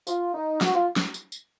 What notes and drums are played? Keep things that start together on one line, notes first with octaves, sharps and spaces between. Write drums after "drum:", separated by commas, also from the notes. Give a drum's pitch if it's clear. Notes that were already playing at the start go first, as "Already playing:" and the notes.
F4, drum: tambourine
D#4
F#4, drum: snare
F4
drum: snare
drum: tambourine
drum: tambourine